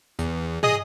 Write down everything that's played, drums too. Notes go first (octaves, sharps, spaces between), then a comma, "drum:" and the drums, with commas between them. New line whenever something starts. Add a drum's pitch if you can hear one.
E2, drum: tambourine
G#4 D#5 D#6, drum: tom